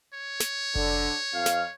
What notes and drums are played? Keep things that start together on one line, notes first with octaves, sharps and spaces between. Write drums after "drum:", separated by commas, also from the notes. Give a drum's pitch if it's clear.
C#5
drum: snare
D3, drum: kick F1
F2 F5
drum: snare